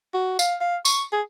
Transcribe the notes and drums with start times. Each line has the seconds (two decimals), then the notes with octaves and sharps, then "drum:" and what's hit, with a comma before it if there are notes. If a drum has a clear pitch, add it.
0.14 F#4
0.39 F5, drum: tambourine
0.61 F5
0.85 C#6, drum: tambourine
1.12 G#4